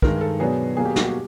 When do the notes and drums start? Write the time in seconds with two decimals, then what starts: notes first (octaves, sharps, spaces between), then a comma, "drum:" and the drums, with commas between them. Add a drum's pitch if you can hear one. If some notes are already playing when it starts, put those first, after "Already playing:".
0.02 G2 D#3 G#3 A#4, drum: kick
0.21 A4
0.40 B2 F#3 B3 D4 G#4
0.77 B2 F#3 A#3 G#4
0.85 G4
0.96 F#4, drum: snare
1.04 G4